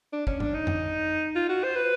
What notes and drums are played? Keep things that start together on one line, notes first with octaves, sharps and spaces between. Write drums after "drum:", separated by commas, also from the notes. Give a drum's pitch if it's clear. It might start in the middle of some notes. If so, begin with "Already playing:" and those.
D4
C#4, drum: kick
D4, drum: tom G#2
D#4
drum: tom F2
F4
F#4
C5
B4